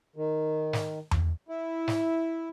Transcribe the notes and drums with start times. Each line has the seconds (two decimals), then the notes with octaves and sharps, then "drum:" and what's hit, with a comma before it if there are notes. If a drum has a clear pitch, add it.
0.16 D#3
0.73 drum: snare
1.11 drum: tom E2
1.49 E4
1.88 drum: snare